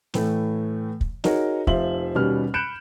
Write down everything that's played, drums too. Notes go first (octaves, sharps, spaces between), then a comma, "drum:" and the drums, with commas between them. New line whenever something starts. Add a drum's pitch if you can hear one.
A2 E3 A3, drum: snare
drum: kick
D#4 F#4 G#4 A#4 C#5, drum: snare
F1 F3 C5 E5 F5 F#7, drum: kick
D#2 B2 G3 B3 C#4 F6
B5 F#6 G6 C#7 D7 E7